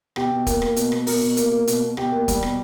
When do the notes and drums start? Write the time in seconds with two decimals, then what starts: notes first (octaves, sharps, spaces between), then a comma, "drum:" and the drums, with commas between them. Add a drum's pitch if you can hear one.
0.16 B2 G4, drum: rim click
0.31 B2
0.47 A#3, drum: kick, hi-hat
0.62 A#3, drum: rim click
0.76 B2, drum: hi-hat
0.92 B2, drum: rim click
1.07 B2 A#4, drum: open hi-hat
1.22 B2
1.37 A#3, drum: hi-hat
1.52 A#3
1.67 B2, drum: hi-hat
1.83 B2
1.97 B2 G4, drum: rim click
2.12 A#3
2.28 G3, drum: kick, hi-hat
2.43 B2, drum: rim click